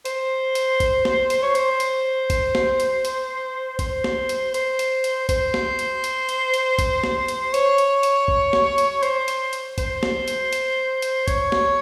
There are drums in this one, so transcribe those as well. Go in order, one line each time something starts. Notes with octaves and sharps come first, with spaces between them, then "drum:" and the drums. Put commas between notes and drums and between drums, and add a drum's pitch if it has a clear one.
C5, drum: hi-hat
drum: hi-hat
drum: kick, hi-hat
drum: snare
drum: hi-hat
C#5
C5, drum: hi-hat
drum: hi-hat
drum: kick, hi-hat
drum: snare
drum: hi-hat
drum: hi-hat
C5, drum: kick, hi-hat
drum: snare
drum: hi-hat
C5, drum: hi-hat
drum: hi-hat
drum: hi-hat
C5, drum: kick, hi-hat
drum: snare
drum: hi-hat
drum: hi-hat
drum: hi-hat
drum: hi-hat
drum: kick, hi-hat
drum: snare
drum: hi-hat
C#5, drum: hi-hat
drum: hi-hat
drum: hi-hat
drum: kick
drum: snare
drum: hi-hat
C5, drum: hi-hat
drum: hi-hat
drum: hi-hat
C5, drum: kick, hi-hat
drum: snare
drum: hi-hat
drum: hi-hat
drum: hi-hat
C#5, drum: kick, hi-hat
drum: snare